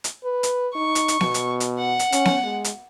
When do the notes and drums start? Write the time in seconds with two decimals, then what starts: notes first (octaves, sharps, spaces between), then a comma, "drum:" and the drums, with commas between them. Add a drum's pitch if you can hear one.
0.04 drum: hi-hat
0.24 B4
0.43 drum: hi-hat
0.75 D#4 C#6
0.95 drum: hi-hat
1.08 drum: hi-hat
1.21 B2, drum: snare B3
1.34 drum: hi-hat
1.60 drum: hi-hat
1.79 F#5
1.99 drum: hi-hat
2.12 C#4, drum: hi-hat
2.25 drum: snare B3
2.44 G#3
2.64 drum: hi-hat